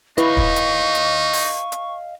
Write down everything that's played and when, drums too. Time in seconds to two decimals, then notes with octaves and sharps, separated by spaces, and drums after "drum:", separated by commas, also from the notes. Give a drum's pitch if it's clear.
0.18 D#4 E4 B4 D#5 F5 C#6, drum: hi-hat
0.37 drum: kick
0.56 drum: hi-hat
0.95 drum: hi-hat
1.33 drum: open hi-hat
1.72 drum: hi-hat